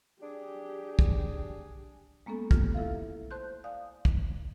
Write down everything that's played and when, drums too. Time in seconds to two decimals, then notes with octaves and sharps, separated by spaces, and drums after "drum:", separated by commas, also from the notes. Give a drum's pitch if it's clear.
0.22 D4 G4 G#4
0.99 drum: kick
2.26 G#3 A#3 B3 C#4 A4
2.51 A3 A#3 F4 G4, drum: kick
2.74 E4 A4 E5 F5
3.31 C5 A5 C6 F#6 G6
3.64 D5 F5 G#5 D#6
4.05 drum: kick